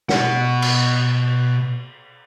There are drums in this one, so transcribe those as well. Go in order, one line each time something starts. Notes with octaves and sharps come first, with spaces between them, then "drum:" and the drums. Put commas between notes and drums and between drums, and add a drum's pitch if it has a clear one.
B2 F#5, drum: snare
drum: cymbal